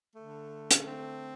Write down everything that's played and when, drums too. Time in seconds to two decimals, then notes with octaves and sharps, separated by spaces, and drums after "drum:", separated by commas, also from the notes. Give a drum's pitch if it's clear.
0.16 D3 A3
0.71 drum: hi-hat
0.85 C4